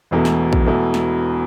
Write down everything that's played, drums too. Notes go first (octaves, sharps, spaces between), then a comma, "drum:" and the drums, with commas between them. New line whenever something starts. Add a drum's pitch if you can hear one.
E1 E2 B2 A3
drum: snare
drum: kick A#1
E1 E2 B2 A3
drum: snare